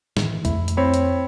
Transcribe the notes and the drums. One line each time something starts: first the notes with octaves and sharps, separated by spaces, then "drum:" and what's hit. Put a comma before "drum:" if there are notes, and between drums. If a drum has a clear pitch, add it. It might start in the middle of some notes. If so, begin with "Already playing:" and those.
A2 D#3 E3, drum: snare
F2 A3 E4, drum: kick, hi-hat
drum: hi-hat
C4 C#5 B5
drum: hi-hat